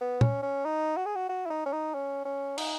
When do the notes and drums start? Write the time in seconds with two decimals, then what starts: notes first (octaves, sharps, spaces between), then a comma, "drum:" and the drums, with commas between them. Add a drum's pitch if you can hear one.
0.01 B3
0.21 C#4, drum: tom
0.43 C#4
0.65 D#4
0.97 F#4
1.06 G#4
1.16 F#4
1.29 F#4
1.46 E4
1.50 D#4
1.66 C#4
1.73 D#4
1.94 C#4
2.25 C#4
2.58 D#4, drum: cymbal